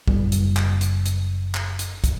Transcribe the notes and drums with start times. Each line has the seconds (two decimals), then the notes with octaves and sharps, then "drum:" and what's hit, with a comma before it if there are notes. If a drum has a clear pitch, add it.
0.08 F#1 G3, drum: kick
0.32 drum: hi-hat
0.57 drum: clap
0.81 drum: hi-hat
1.06 drum: hi-hat
1.55 drum: clap
1.79 drum: hi-hat
2.04 drum: kick, hi-hat